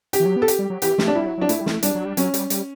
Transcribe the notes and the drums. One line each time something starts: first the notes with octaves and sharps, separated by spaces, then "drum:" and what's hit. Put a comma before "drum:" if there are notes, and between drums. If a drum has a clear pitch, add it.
G4, drum: hi-hat
E3
F#3
B3
A4
G4, drum: hi-hat
G3
F#3
E3 G4, drum: hi-hat
A3, drum: snare
D4
G3 E4
F#3
F#3
D4
A3 E4, drum: hi-hat
G3
A3, drum: snare
G3 D4, drum: hi-hat
F#3
G3
F#3 C#4, drum: hi-hat
G3, drum: hi-hat
G3, drum: hi-hat